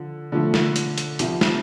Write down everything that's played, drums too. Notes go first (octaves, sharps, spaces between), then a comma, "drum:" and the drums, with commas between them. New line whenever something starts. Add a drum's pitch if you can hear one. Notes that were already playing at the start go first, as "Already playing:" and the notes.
Already playing: D3 F3
D3 F3 A3
drum: snare
drum: hi-hat
drum: hi-hat
C2 C3 F3, drum: hi-hat
drum: snare